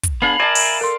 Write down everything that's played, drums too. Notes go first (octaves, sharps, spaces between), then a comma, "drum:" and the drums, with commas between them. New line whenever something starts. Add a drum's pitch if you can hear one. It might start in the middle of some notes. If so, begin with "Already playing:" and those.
drum: kick, hi-hat
B3 D4 G#4 F5 B5
A#4 D5 E5 G#5 A5
drum: open hi-hat
A4 A#4 C6